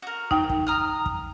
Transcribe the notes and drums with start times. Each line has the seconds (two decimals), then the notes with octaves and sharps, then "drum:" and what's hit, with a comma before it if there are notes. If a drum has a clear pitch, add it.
0.02 F#4 A#4
0.31 D#4 G5, drum: kick
0.49 drum: kick
0.67 A#5 D#6 F6
1.06 drum: kick